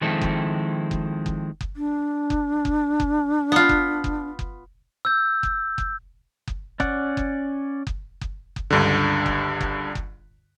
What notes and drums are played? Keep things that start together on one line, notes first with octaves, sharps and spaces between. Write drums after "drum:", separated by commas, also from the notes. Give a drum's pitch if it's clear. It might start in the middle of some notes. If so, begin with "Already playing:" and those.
D#3 F3 G#3 C4 E4 A4
drum: kick F#1
drum: kick F#1
drum: kick F#1
drum: kick F#1
D4
drum: kick F#1
drum: kick F#1
drum: kick F#1
B3 F4
drum: kick F#1
drum: kick F#1
drum: kick F#1
E6 G6
drum: kick F#1
drum: kick F#1
drum: kick F#1
C#4 D5 F#5, drum: kick F#1
drum: kick F#1
drum: kick F#1
drum: kick F#1
drum: kick F#1
C#2 G2 D3
drum: kick F#1
drum: kick F#1
drum: kick F#1